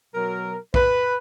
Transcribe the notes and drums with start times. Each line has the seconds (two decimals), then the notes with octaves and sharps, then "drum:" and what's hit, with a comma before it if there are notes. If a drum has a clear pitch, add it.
0.13 B2 F#3 A#4
0.74 B4, drum: kick